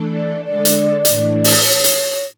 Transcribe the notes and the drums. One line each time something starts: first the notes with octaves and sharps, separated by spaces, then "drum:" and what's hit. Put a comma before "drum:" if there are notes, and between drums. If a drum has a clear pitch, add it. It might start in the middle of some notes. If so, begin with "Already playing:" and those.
Already playing: E3 A3 D4 A4
D5
D3 G#3 D4 A4 D5
drum: hi-hat
A2 E3 A3 D4, drum: hi-hat
drum: open hi-hat
C#5
drum: hi-hat